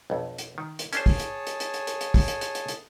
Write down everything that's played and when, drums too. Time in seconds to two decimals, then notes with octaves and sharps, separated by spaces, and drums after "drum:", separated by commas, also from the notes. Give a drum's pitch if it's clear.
0.10 B1 F2
0.38 drum: hi-hat
0.58 D#3
0.79 drum: hi-hat
0.93 C#4 D4 G#4 C5 C#5 A5, drum: hi-hat
1.06 drum: kick, open hi-hat
1.20 drum: hi-hat
1.47 drum: hi-hat
1.60 drum: hi-hat
1.74 drum: hi-hat
1.87 drum: hi-hat
2.01 drum: hi-hat
2.14 drum: kick, open hi-hat
2.28 drum: hi-hat
2.41 drum: hi-hat
2.55 drum: hi-hat
2.68 drum: hi-hat